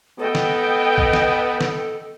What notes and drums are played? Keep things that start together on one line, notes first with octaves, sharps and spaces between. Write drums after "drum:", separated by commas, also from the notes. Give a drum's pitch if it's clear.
B3 A4 D#5 G5
drum: snare
drum: kick A#1
drum: snare
drum: snare